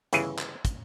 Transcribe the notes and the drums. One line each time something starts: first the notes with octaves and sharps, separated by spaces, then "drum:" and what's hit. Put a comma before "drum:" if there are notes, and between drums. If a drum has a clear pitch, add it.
G1 C#3 E3 G#4, drum: hi-hat
drum: clap
drum: kick, hi-hat